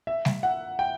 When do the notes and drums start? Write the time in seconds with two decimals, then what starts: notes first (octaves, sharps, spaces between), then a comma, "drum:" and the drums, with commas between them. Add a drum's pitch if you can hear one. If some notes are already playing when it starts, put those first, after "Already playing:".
0.07 E5
0.25 drum: snare
0.43 F#5
0.79 G5